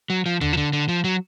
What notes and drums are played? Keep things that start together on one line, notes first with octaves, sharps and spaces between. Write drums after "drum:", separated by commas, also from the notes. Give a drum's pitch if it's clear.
F#3
F3
D3, drum: tom D#2
F3
D3
D3
F3
F#3